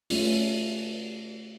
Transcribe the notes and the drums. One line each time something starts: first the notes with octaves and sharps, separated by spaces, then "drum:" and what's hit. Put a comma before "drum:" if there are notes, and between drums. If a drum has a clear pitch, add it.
A3 C#4 F4, drum: open hi-hat